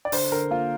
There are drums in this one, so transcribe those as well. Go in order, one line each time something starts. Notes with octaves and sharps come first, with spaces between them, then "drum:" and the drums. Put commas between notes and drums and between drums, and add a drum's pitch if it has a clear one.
D5
D3 C5, drum: open hi-hat
D3 A#4
A#3 F4